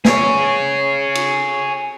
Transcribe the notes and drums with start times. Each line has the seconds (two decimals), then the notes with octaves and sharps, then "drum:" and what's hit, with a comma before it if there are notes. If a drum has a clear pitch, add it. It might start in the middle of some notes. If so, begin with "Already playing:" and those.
0.05 G#4 C#5, drum: snare
1.15 drum: cymbal